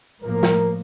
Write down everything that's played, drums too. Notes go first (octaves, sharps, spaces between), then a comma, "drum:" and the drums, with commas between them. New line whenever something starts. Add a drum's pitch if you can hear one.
A2 F3 A#3 A#4
drum: snare